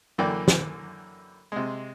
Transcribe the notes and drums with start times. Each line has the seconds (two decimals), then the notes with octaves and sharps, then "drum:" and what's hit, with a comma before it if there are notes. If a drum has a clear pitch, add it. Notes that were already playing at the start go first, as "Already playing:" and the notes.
0.18 F#2 D3 E3 A#3 D5 G5
0.48 drum: snare
1.52 C3 G#3